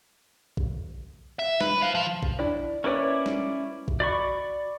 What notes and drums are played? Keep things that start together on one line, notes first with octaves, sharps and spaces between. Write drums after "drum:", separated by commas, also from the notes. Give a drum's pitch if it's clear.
drum: kick A#1
E5
B4, drum: snare
C5 F5
F3
drum: kick A#1
D4 E4 D5
A#3 C#4 E4 B4 C#5 D5
drum: snare
drum: kick A#1
F#4 D5 B5 C#6